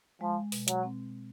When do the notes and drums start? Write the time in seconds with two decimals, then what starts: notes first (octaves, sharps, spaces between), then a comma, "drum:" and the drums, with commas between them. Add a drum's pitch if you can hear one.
0.21 F3 G#3
0.52 B2, drum: open hi-hat
0.68 F#3, drum: hi-hat
0.83 C4